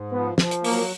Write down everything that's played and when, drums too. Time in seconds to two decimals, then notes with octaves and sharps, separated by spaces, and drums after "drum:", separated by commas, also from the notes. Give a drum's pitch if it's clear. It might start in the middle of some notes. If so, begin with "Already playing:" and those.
Already playing: G#2
0.12 F3 B3
0.38 F3, drum: snare
0.51 drum: hi-hat
0.64 F#3 A#3, drum: open hi-hat